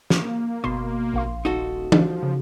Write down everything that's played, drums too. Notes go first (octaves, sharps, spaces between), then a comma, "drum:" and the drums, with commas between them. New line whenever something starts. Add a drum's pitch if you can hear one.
A#3, drum: snare
G1 B2 C6
A#1 F5 C6
D#1 D#4 F#4 A4
F3, drum: tom E3
C#3